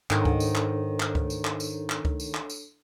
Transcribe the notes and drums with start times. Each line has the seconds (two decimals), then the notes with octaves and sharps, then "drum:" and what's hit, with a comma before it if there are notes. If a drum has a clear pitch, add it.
0.10 G#2 D#3 D4 A4 C#5, drum: clap
0.25 drum: kick C#2
0.40 drum: tambourine
0.55 drum: clap
1.00 drum: clap
1.15 drum: kick C#2
1.30 drum: tambourine
1.45 drum: clap
1.60 drum: tambourine
1.90 drum: clap
2.05 drum: kick C#2
2.20 drum: tambourine
2.35 drum: clap
2.50 drum: tambourine